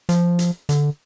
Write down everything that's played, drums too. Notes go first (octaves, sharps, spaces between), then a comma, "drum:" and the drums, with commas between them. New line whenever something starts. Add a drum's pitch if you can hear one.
F3, drum: hi-hat
drum: hi-hat
D3, drum: hi-hat